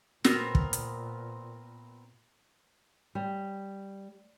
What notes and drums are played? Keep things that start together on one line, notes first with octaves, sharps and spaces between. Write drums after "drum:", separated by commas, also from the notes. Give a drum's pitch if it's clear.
A#2 B3 C4 A#4, drum: snare
drum: kick
drum: hi-hat
G3